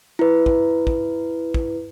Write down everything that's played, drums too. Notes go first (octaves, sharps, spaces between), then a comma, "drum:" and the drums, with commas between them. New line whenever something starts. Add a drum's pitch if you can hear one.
E4 B4
drum: kick
drum: kick
drum: kick